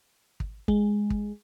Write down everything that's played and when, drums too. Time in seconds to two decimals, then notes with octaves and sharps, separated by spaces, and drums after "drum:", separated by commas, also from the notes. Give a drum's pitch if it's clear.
0.40 drum: kick
0.68 G#3, drum: kick
1.10 drum: kick